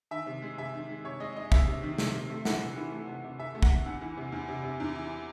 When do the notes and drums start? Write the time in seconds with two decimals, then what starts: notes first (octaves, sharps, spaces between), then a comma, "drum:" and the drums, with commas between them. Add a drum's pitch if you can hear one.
0.11 D#3 E5
0.27 C3
0.42 G#3
0.58 C3 E5
0.74 D#3
0.89 G#3
1.04 C3 C#5
1.20 G#3 D#5
1.35 G#3 D#5
1.52 C3 E5, drum: kick
1.67 C3
1.83 D#3
1.98 C3, drum: snare
2.14 C3
2.30 A3
2.45 E3 F#5, drum: snare
2.61 C3
2.76 E3
2.92 A3
3.08 C3
3.24 C3
3.38 C3 E5
3.55 A3
3.63 F#5, drum: kick
3.70 C3
3.86 E2 F#5
4.01 E3
4.17 C3
4.32 E2
4.48 C3
4.63 C3
4.80 E2
4.95 E3